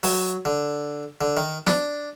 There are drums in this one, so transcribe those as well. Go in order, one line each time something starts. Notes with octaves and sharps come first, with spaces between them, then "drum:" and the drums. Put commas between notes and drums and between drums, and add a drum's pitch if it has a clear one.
F#3, drum: open hi-hat
D3
D3
D#3
D4, drum: snare